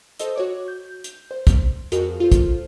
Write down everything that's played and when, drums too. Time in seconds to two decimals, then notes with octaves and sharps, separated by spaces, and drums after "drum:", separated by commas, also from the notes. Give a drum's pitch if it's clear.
0.19 A4 C5 D#5 E6, drum: hi-hat
0.36 F#4 C#5 D6
0.68 G6
1.04 drum: hi-hat
1.31 C5
1.47 drum: kick, hi-hat
1.92 F2 F#4 G#4 A#4, drum: hi-hat
2.20 F4 A4 C5
2.32 drum: kick, hi-hat